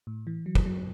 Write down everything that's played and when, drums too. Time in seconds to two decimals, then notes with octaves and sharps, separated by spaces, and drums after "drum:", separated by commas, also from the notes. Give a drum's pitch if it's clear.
0.07 A2
0.27 E3
0.46 F#3
0.55 drum: kick
0.66 F#3